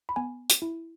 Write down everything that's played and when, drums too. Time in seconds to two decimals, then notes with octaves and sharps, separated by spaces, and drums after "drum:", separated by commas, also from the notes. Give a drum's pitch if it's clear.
0.09 B5
0.16 B3 G#5
0.50 drum: hi-hat
0.62 E4